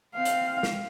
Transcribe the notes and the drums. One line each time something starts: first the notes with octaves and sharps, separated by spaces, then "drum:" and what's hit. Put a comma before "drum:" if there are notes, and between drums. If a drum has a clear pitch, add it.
C4 F5
drum: hi-hat
drum: snare